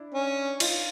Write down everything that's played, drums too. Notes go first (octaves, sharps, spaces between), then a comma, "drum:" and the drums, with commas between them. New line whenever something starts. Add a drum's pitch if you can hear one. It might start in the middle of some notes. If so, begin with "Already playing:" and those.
Already playing: D4 E4
C#4
D#4 F4, drum: cymbal